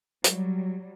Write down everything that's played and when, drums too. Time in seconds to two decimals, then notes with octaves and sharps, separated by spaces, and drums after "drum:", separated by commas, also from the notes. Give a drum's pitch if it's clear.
0.24 F#3 G3, drum: hi-hat